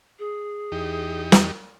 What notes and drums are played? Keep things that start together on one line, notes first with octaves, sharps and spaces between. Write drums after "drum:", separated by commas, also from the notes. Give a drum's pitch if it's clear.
G#4
E2 D#4 G4
drum: snare